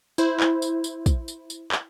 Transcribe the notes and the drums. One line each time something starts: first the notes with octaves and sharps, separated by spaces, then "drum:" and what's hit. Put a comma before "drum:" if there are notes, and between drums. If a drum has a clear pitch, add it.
E4 C5, drum: tambourine
drum: clap
drum: tambourine
drum: tambourine
drum: kick, tambourine
drum: tambourine
drum: tambourine
drum: clap